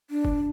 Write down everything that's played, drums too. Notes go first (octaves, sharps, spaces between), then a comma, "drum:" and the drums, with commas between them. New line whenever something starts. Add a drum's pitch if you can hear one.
D4
drum: kick G1